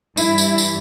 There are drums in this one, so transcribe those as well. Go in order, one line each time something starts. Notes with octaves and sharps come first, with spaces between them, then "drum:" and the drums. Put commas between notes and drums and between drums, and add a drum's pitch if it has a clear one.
G2 E3 G3 E4, drum: tambourine
drum: tambourine
drum: tambourine